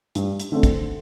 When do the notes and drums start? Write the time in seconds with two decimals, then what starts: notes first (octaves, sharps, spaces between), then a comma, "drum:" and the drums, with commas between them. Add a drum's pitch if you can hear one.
0.15 G2, drum: hi-hat
0.40 drum: hi-hat
0.52 D3 A3 C4
0.63 drum: kick, hi-hat